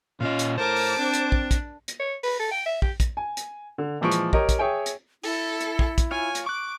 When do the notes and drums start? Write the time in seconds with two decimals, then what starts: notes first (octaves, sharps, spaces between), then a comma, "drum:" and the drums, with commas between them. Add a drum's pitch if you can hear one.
0.21 A#2 C#4 F4 D#5 F5
0.39 drum: hi-hat
0.58 A2 A#4 C5 A5 D6
0.76 drum: open hi-hat
0.98 C4 D4
1.14 drum: hi-hat
1.32 drum: kick
1.51 drum: kick, hi-hat
1.88 drum: hi-hat
2.00 C#5
2.23 B4, drum: open hi-hat
2.40 A4
2.51 G5
2.66 E5
2.82 G4, drum: kick
3.00 drum: kick, hi-hat
3.17 G#5
3.37 drum: hi-hat
3.78 D3
4.01 A#2 E3 F3 G#3 C#6 D7
4.12 drum: hi-hat
4.33 G4 A#4 C#5 D#5, drum: kick
4.49 drum: kick, hi-hat
4.59 G#4 C#5 E5 G5 G#5
4.86 drum: hi-hat
5.23 E4 A4, drum: open hi-hat
5.61 drum: hi-hat
5.79 drum: kick
5.98 drum: kick, hi-hat
6.11 F4 C#5 F5 G#5
6.35 drum: hi-hat
6.46 C#6 D6 F#6